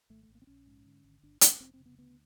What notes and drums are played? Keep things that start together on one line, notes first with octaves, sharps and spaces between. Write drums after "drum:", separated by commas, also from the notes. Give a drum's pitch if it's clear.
G#1 A3
A3
G#1
A#3
C4
A#1 C#4
G#2
D3
G#1
G1 D4
G1 C#4, drum: hi-hat
F1 C4
C4
C#3
B3
D2 B3